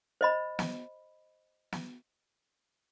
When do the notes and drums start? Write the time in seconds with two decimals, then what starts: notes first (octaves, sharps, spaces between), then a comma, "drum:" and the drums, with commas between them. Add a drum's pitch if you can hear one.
0.21 C5 D#5 B5
0.59 drum: snare
1.72 drum: snare